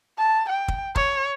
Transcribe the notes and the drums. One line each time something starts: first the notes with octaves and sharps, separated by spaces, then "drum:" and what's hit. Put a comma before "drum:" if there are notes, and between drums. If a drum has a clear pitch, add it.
A5
G5
drum: kick
C#5, drum: kick